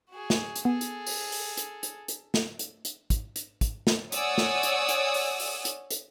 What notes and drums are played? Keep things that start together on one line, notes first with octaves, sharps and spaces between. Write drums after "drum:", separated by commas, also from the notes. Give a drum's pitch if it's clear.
F#4 G#4
drum: snare
drum: hi-hat
B3 G#4 A4
drum: hi-hat
drum: open hi-hat
drum: open hi-hat
drum: hi-hat
drum: hi-hat
drum: hi-hat
drum: snare
drum: hi-hat
drum: hi-hat
drum: kick, hi-hat
drum: hi-hat
drum: kick, hi-hat
drum: snare
C#5 D5 F#5 G#5 D#6 E6, drum: hi-hat
drum: snare
drum: hi-hat
drum: hi-hat
drum: open hi-hat
drum: open hi-hat
drum: hi-hat
drum: hi-hat